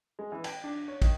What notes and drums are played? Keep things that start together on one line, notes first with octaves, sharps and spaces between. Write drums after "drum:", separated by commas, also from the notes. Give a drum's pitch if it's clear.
G#3
E3
G5, drum: cymbal
D4
C#5
D#3, drum: kick, cymbal